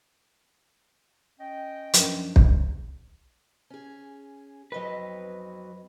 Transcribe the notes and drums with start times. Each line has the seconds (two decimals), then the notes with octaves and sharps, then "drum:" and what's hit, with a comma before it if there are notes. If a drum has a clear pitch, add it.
1.39 C#4 D#5 G5
1.94 F#2 F3 D4 A#4, drum: hi-hat
2.36 drum: kick
3.70 C#4 G#4
4.72 F2 F#3 C4 B4 D#5